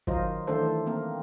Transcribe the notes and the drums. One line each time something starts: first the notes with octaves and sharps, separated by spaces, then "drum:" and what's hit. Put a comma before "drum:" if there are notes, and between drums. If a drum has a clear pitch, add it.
D#3 F#3 F4 A#4 C5 D#5, drum: kick
D#3 E3 A3 D4 A4 C5
A#3 C4 A#4